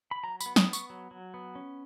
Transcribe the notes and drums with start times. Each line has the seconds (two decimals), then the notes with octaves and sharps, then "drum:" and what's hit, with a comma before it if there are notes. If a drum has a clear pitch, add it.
0.11 B5
0.23 F#3 A#5
0.41 B5, drum: tambourine
0.46 B3
0.56 D#6, drum: snare
0.68 B3
0.73 C#6, drum: tambourine
0.90 F#3
1.11 F#3
1.34 B3
1.55 C#4